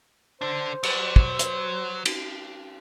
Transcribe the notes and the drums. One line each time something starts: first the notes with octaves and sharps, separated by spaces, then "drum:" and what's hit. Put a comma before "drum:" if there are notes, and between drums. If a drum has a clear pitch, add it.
D3 D4 C5
F#3, drum: cymbal
drum: kick
drum: hi-hat
drum: cymbal